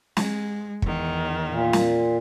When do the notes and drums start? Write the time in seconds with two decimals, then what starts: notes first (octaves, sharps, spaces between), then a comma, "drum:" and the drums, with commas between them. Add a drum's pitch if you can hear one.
0.17 G#3, drum: snare
0.82 E2 D#3, drum: kick
1.49 A#2
1.73 drum: snare